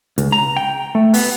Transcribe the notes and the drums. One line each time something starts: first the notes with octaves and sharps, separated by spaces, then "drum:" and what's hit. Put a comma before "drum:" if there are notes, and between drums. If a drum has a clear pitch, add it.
C#2, drum: hi-hat
A#5
G5
A3
B3, drum: open hi-hat